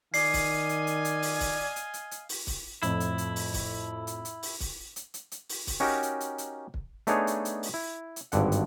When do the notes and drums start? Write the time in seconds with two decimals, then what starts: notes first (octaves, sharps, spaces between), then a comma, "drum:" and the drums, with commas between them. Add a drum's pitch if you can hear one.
0.14 D#3 D5 D#5 F5 G#5 C7, drum: open hi-hat
0.33 drum: kick, open hi-hat
0.69 drum: hi-hat
0.87 drum: hi-hat
1.05 drum: hi-hat
1.22 drum: open hi-hat
1.40 drum: kick, open hi-hat
1.76 drum: hi-hat
1.94 drum: hi-hat
2.11 drum: hi-hat
2.29 drum: open hi-hat
2.47 drum: kick, open hi-hat
2.83 F2 A2 F3 E4, drum: hi-hat
3.00 drum: hi-hat
3.18 drum: hi-hat
3.36 drum: open hi-hat
3.54 drum: kick, open hi-hat
4.07 drum: hi-hat
4.25 drum: hi-hat
4.43 drum: open hi-hat
4.60 drum: kick, open hi-hat
4.96 drum: hi-hat
5.14 drum: hi-hat
5.32 drum: hi-hat
5.49 drum: open hi-hat
5.67 drum: kick, open hi-hat
5.80 C#4 D#4 F#4 G4 A#4
6.03 drum: hi-hat
6.20 drum: hi-hat
6.38 drum: hi-hat
6.74 drum: kick
7.07 A3 B3 D4 D#4 G#4 C#5, drum: hi-hat
7.27 drum: hi-hat
7.45 drum: hi-hat
7.63 drum: open hi-hat
7.74 E4
8.16 drum: hi-hat
8.32 G#1 G2 D3 F#5, drum: hi-hat
8.52 drum: hi-hat